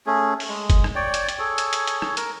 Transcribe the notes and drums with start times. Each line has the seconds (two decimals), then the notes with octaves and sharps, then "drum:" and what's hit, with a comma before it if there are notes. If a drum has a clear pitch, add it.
0.07 A3 C#4 G#4
0.40 drum: open hi-hat
0.49 G#3
0.70 drum: kick F#1, hi-hat
0.84 drum: rim click
0.95 C#5 D5 G5
1.14 drum: hi-hat
1.29 drum: hi-hat
1.39 G#4 A4 C#5
1.58 drum: hi-hat
1.73 drum: hi-hat
1.87 drum: hi-hat
2.02 drum: rim click
2.17 A#4, drum: hi-hat